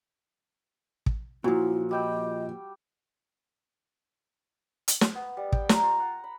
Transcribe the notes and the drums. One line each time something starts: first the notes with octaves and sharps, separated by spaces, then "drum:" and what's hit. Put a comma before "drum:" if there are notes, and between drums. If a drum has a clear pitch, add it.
drum: kick
A#2 F3 F#3 E4 F#4
G3 D#5 G5 E6
drum: hi-hat
drum: snare
B3
G3
G5, drum: kick
A#5, drum: snare
F4
F#5
B5